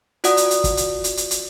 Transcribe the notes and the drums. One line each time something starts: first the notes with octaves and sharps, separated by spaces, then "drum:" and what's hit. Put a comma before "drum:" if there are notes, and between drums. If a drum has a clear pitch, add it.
F4 F#4 D5 F#5 D#6, drum: hi-hat
drum: hi-hat
drum: hi-hat
drum: kick, hi-hat
drum: hi-hat
drum: hi-hat
drum: hi-hat
drum: hi-hat